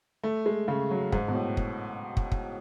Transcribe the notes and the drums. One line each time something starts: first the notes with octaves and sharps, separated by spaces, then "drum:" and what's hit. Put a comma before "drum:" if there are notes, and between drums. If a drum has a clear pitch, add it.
A3
G#3
C#3
F#3
G#2, drum: kick
B2
A2
drum: kick
drum: kick
drum: kick